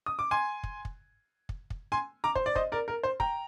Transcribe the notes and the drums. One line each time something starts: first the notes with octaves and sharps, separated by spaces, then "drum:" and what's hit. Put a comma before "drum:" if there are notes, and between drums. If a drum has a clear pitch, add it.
D#6
D6
G#5 C6
drum: kick
drum: kick
drum: kick
drum: kick
G#5 C6
A#5 D6
C5, drum: kick
D5
C5 D#5, drum: kick
A#4 D5
A#4
C5
G5 A#5, drum: kick